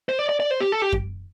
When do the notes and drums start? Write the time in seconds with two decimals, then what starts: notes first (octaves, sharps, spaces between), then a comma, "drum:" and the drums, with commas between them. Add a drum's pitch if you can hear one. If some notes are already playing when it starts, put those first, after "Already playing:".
0.09 C5
0.19 D5
0.29 D5
0.40 D5
0.51 C5
0.61 G4
0.72 A4
0.82 G4
0.92 drum: kick F#2